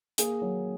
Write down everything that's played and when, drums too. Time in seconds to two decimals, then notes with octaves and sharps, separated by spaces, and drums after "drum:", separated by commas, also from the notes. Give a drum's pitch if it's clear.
0.18 A#3 G#4, drum: hi-hat
0.42 F#3